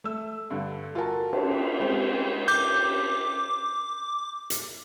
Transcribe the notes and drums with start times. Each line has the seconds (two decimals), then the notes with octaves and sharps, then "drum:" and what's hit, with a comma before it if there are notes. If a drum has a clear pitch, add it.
0.04 A3 E6
0.50 G2 D3
0.95 F4 F#4 A4 A#4 A5
1.33 drum: cymbal
1.80 G#3 C4 C5
2.48 D6 G6
4.50 drum: hi-hat